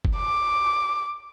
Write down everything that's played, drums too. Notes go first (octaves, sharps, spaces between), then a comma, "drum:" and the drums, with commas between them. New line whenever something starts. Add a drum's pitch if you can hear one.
drum: kick F#1
D6